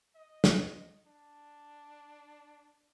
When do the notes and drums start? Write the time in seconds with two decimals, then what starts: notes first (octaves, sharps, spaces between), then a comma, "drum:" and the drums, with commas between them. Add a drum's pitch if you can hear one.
0.15 D#5
0.44 drum: snare
1.06 D4